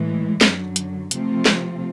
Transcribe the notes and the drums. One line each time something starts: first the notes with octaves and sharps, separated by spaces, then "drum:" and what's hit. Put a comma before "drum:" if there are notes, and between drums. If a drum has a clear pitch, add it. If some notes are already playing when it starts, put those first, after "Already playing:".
Already playing: A2 E3 G#3
F#2 D3 F#3, drum: snare
drum: hi-hat
C3 F3 A3 C4 F4, drum: hi-hat
drum: snare